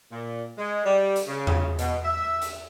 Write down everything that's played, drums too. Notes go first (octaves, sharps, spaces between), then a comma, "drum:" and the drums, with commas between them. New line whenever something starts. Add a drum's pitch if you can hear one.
A#2
G#3
G3
drum: hi-hat
C#3
drum: tom E2
B2, drum: hi-hat
E5
drum: hi-hat